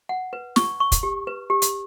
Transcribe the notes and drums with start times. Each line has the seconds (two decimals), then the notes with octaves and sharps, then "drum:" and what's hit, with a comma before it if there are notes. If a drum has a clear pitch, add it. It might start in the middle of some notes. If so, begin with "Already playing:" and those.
0.09 F#5
0.33 B4
0.56 C#6, drum: snare
0.80 C#6
0.92 drum: kick, hi-hat
1.03 G4
1.27 B4
1.50 G4
1.62 drum: hi-hat